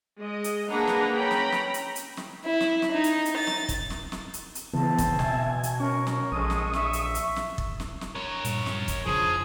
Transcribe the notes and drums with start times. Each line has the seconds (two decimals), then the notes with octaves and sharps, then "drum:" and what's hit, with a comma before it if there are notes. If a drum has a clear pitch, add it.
0.19 G#3 D#5
0.44 drum: hi-hat
0.69 A#3 D4 G#4 B4 F#5 A#5
0.87 drum: snare
1.16 C#4 G5 A#5 B5
1.31 drum: snare
1.52 drum: snare
1.74 drum: hi-hat
1.96 drum: hi-hat
2.17 drum: snare
2.45 E4
2.60 drum: snare
2.82 drum: snare
2.92 D#4
3.04 drum: hi-hat
3.25 drum: hi-hat
3.38 A6
3.47 drum: snare
3.69 drum: kick, hi-hat
3.90 drum: snare
4.12 drum: snare
4.34 drum: hi-hat
4.55 drum: hi-hat
4.74 C#3 E3 B3 C4 A5
4.98 drum: kick, hi-hat
5.19 B2 E5 G#5, drum: snare
5.50 G#5
5.63 drum: hi-hat
5.80 C#4 A#4 C#6
6.07 drum: snare
6.32 A#1 G#3 A4 C#6 D#6
6.50 drum: snare
6.73 E5 C#6, drum: snare
6.93 drum: hi-hat
7.15 drum: hi-hat
7.36 drum: snare
7.58 drum: kick
7.80 drum: snare
8.01 drum: snare
8.15 A#4 C#5
8.45 G2 A#2, drum: hi-hat
8.66 drum: snare
8.88 drum: kick, hi-hat
9.06 F2 C#3 F3 D4 G#4